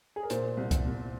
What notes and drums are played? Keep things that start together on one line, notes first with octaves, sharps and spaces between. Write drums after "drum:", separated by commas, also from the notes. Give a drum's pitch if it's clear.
G#4
A#4
A#2 C5, drum: hi-hat
C2
drum: kick C2, hi-hat
C2